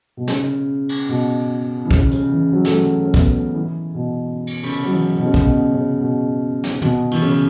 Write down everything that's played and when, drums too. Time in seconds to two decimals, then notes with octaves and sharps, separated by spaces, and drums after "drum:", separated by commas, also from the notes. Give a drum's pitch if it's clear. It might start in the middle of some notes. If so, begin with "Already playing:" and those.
0.17 B2
0.28 C#3, drum: snare
0.89 drum: cymbal
1.09 B2
1.85 E3
1.91 C#3, drum: kick
2.11 C#3, drum: hi-hat
2.32 E3
2.52 F#3
2.65 A3, drum: snare
2.73 F#3
3.03 C#4
3.14 B3, drum: kick
3.55 E3
3.95 B2
4.47 drum: cymbal
4.63 C#3, drum: cymbal
4.85 F#3
4.91 E3
5.18 B2
5.26 C#3
5.34 B2, drum: kick
5.45 B2
5.72 C#3
6.00 B2
6.64 drum: snare
6.82 B2, drum: tom
7.11 E3, drum: cymbal
7.22 C#3